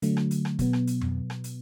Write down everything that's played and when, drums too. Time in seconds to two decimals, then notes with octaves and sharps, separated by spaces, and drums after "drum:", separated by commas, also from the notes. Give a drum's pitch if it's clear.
0.02 D3 F#3 A3, drum: hi-hat
0.17 drum: rim click
0.31 drum: hi-hat
0.45 drum: rim click
0.59 B2 F#3 B3, drum: kick, hi-hat
0.73 drum: rim click
0.87 drum: hi-hat
1.01 drum: tom F2
1.30 drum: rim click
1.44 drum: hi-hat